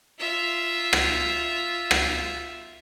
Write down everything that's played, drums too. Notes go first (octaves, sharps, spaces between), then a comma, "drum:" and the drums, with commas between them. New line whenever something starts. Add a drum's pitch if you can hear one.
F4 E5
drum: rim click
drum: rim click